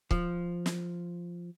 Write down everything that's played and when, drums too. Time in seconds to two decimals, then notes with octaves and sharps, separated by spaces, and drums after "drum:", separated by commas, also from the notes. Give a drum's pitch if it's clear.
0.11 F3, drum: kick C#1
0.66 drum: snare